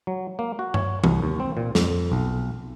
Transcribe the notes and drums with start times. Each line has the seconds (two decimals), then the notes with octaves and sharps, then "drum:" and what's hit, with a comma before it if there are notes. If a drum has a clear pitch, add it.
0.07 F#3
0.39 A#3
0.59 F#4
0.74 C#5, drum: tom G2
1.04 C2, drum: tom E3
1.22 D#2
1.40 C4
1.57 A#2
1.75 F2, drum: snare
2.12 B1